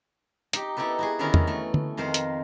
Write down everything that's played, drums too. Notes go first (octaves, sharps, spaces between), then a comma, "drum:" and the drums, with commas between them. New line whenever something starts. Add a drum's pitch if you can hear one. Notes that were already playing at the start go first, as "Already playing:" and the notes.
D#4 G4, drum: hi-hat
B3 D#4 E4 G4 A4 B4
E4 F#4 G#4
D3 D#3 B3 C#4 E4 A#4
drum: tom E2
E3 A3
drum: tom D3
F2 D#3 A#4 C5
drum: hi-hat